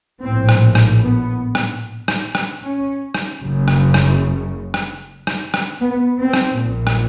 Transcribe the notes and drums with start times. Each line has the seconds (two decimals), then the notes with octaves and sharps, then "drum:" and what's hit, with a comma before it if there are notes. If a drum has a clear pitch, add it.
0.22 A#1 A2 C4
0.49 drum: rim click
0.75 drum: rim click
1.02 B3
1.55 drum: rim click
2.08 drum: rim click
2.35 drum: rim click
2.62 C#4
3.14 drum: rim click
3.41 F#1 F#2 C#3
3.68 drum: rim click
3.94 drum: rim click
4.74 drum: rim click
5.27 drum: rim click
5.54 drum: rim click
5.80 B3
6.20 C4
6.33 drum: rim click
6.60 A#1 A#2
6.87 drum: rim click